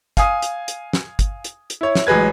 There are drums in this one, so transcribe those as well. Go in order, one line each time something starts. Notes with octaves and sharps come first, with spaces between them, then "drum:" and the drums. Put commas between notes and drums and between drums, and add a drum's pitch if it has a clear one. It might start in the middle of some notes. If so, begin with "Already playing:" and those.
F5 G#5 D#6, drum: kick, hi-hat
drum: hi-hat
drum: hi-hat
drum: snare
drum: kick, hi-hat
drum: hi-hat
drum: hi-hat
E4 C#5
drum: snare
A1 F#3 G#3 B4 G#6